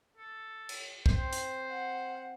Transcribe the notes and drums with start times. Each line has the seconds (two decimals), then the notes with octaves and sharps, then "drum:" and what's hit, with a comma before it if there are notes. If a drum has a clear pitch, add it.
0.17 A4
0.69 drum: cymbal
1.06 C4 C5, drum: kick
1.33 drum: hi-hat
1.69 F#5